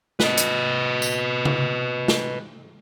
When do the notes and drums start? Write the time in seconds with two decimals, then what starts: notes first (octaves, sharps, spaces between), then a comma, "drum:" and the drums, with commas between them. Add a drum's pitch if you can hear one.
0.20 B4 D#5, drum: snare
0.38 drum: hi-hat
1.02 drum: tambourine
1.45 drum: tom C#3
2.08 drum: snare